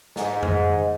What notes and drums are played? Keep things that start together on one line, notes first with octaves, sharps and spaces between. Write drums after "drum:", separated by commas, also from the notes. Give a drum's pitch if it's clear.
G#2, drum: snare
drum: tom F2